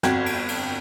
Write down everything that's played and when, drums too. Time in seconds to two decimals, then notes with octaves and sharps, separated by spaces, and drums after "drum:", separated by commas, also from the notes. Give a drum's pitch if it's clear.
0.03 G1 F2 F#4 G5 G#6, drum: snare
0.26 drum: cymbal
0.49 drum: cymbal